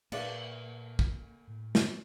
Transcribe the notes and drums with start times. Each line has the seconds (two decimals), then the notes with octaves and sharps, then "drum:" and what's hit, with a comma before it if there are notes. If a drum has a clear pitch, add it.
0.12 A#2 A#3 G#4 B4 D5 E5 F5, drum: cymbal
0.99 drum: kick
1.48 A2
1.75 drum: snare